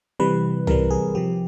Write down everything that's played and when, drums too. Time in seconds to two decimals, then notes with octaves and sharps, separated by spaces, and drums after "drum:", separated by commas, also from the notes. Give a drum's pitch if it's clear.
0.19 C3 E3 G3 B4
0.67 C3 E3 G3 A#4, drum: tom C2
0.91 G#4
1.15 C3 F3 G4